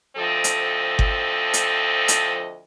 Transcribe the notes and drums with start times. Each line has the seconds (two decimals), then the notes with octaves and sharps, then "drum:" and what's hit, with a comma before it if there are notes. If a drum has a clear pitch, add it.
0.17 D2 F3 C4 A4 D#5
0.44 drum: hi-hat
0.99 drum: kick G1
1.53 drum: hi-hat
2.08 drum: hi-hat